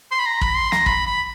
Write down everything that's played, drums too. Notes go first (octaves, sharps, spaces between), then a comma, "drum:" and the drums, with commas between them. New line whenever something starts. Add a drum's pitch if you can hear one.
C6
B5
A#5
B5, drum: kick
C6
A#5, drum: snare
B5, drum: kick
B5